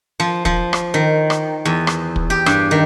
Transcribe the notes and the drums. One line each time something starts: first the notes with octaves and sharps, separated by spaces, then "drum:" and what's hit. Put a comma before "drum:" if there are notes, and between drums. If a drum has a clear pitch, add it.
F3
F3, drum: kick
drum: rim click
D#3
drum: rim click
E2
drum: rim click
drum: kick
G4
G2, drum: rim click
D#3